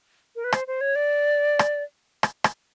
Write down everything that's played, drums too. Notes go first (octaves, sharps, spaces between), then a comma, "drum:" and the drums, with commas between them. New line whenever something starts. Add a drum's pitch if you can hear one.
A#4
B4
C5, drum: rim click
C5
C#5
D5
drum: rim click
drum: rim click
drum: rim click